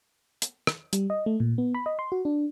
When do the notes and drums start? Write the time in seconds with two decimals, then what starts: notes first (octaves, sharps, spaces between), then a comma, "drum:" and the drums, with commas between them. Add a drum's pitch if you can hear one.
0.42 drum: hi-hat
0.67 drum: rim click
0.93 G3, drum: hi-hat
1.10 D#5
1.26 A3
1.40 A#2
1.58 B3
1.75 B5
1.86 D#5
1.99 C6
2.12 F#4
2.25 D4